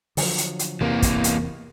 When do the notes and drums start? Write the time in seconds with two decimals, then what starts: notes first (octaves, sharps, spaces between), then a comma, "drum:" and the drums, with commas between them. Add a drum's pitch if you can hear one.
0.17 D3 F3 F#3, drum: open hi-hat
0.38 drum: hi-hat
0.59 drum: hi-hat
0.81 E2 C3 E3 A#3
1.02 drum: kick, hi-hat
1.24 drum: hi-hat